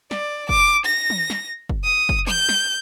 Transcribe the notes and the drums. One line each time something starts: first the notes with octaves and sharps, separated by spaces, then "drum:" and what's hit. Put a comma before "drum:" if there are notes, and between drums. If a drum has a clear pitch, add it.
D5, drum: snare
D6, drum: kick
A#6
drum: tom
drum: snare
drum: kick
D#6
drum: kick
G6, drum: tom
drum: snare